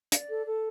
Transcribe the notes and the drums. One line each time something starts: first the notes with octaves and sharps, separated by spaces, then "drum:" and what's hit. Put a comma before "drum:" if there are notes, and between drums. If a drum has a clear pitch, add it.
D5, drum: hi-hat
A4
A4